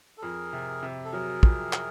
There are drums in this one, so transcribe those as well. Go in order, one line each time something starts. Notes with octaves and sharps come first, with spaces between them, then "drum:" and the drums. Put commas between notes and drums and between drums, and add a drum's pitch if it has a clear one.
A4
F2 G#4 A#4
C3
C3
A4
F#3 G#4 A#4
F2, drum: kick
drum: clap